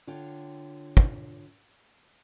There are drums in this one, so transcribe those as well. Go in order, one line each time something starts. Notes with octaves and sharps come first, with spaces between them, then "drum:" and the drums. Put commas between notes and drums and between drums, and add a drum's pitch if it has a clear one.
D3 F4 C#5 G5
drum: kick